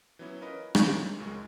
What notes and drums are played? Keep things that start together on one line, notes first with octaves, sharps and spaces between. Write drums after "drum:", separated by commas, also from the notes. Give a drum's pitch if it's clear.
E3 F#3 B3 C#4 E4
C#4 F4 A#4 B4 D#5
D2 F3 D#4 A5 B5, drum: rim click
G#3 A#3 C#4
C#2 F#2 A#2 G#3 C#6